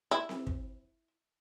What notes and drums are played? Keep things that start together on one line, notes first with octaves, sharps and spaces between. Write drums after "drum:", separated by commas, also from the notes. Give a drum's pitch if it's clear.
E4
drum: snare C4
drum: kick